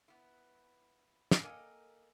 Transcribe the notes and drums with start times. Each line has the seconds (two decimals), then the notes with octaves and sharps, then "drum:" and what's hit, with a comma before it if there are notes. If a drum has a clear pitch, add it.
0.08 B3 E4
1.31 drum: snare
1.43 A#3 A4 A#4 D#5 G5 G#5